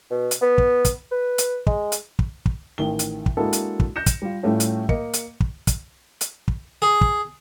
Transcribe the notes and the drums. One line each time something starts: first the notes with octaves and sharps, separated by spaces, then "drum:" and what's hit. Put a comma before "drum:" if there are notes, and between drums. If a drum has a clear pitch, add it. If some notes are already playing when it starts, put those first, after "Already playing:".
B2
drum: hi-hat
B3
drum: kick
drum: kick, hi-hat
B4
drum: hi-hat
G#3, drum: kick
drum: hi-hat
drum: kick
drum: kick
A1 D#3 G7
drum: hi-hat
drum: kick
G#3 A#3 D4 E4 F#4 A4
drum: hi-hat
drum: kick
G6 A#6 C#7 E7
drum: kick, hi-hat
G3 F4
A2 G3 A3 C#4 F4
drum: hi-hat
A#3 D#5 C#7, drum: kick
drum: hi-hat
drum: kick
drum: kick, hi-hat
drum: hi-hat
drum: kick
G#4
drum: kick